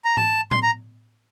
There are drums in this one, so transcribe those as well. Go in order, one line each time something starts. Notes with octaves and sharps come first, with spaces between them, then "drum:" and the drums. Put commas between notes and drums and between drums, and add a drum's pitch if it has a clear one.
A#5
A5, drum: tom G#2
C6, drum: tom A2
A#5